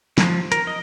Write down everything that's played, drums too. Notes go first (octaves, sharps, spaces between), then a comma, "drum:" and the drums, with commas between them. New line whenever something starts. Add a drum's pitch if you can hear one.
F3, drum: snare
A#4, drum: hi-hat
D#5